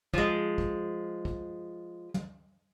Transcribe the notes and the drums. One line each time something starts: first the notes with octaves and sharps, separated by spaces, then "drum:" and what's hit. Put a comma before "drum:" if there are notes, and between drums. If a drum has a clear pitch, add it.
F3 G#3, drum: kick
drum: kick
drum: kick
drum: tom